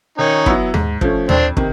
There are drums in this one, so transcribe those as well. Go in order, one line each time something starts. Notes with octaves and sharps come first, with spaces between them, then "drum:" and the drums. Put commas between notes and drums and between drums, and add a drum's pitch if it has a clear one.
D#3 C#4 D#4
F#3 B3 E4, drum: kick
G#2, drum: tom D#2
F3 A3 C#4, drum: kick
F2 C4 D4, drum: tom D#2
C3 D#3, drum: kick